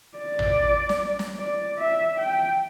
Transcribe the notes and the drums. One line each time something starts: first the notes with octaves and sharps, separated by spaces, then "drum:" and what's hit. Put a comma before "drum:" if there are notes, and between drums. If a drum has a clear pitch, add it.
D5
drum: tom A1
drum: snare
drum: snare
D5
E5
G5